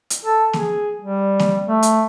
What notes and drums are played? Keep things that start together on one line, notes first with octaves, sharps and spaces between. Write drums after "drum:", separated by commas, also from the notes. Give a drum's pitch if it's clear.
drum: hi-hat
A4
G#4, drum: snare A#3
G3
drum: snare A#3
A3
drum: hi-hat